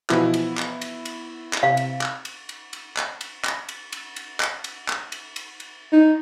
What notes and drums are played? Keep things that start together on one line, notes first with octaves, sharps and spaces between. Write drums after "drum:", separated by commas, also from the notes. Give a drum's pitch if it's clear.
B2 E3 F3 B3 E4, drum: clap
drum: cymbal
drum: clap
drum: cymbal
drum: cymbal
drum: clap
C3 F5
drum: cymbal
drum: clap
drum: cymbal
drum: cymbal
drum: cymbal
drum: clap
drum: cymbal
drum: clap
drum: cymbal
drum: cymbal
drum: cymbal
drum: clap
drum: cymbal
drum: clap
drum: cymbal
drum: cymbal
drum: cymbal
D#4